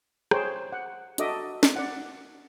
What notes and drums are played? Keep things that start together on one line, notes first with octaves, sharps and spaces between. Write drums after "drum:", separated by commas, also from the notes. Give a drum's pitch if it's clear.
G#4 C5 C#5 G5, drum: rim click
F#5
D4 F#4 A4 D#5 E5 D6, drum: hi-hat
drum: snare
D5 F#5